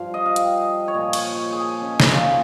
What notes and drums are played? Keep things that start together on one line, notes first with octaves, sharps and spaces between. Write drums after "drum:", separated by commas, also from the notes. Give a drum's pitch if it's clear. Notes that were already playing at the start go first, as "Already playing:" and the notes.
Already playing: G2 F3 F5
D#5
F5
G5, drum: hi-hat
C#5
A#2 F3 D#5
C#5, drum: cymbal
C#5
G#4
C#4
drum: snare
A#2 F3 F4